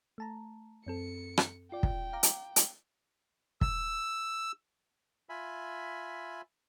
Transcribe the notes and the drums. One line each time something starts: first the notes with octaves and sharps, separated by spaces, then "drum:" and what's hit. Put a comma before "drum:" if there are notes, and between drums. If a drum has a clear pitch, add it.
A3 A5 A#5
F#2 C4 A4 C#7
drum: rim click
F4 D5 G5
drum: kick
F5 A#5 D6
drum: hi-hat
drum: hi-hat
E6, drum: kick
F4 E5 G#5 B5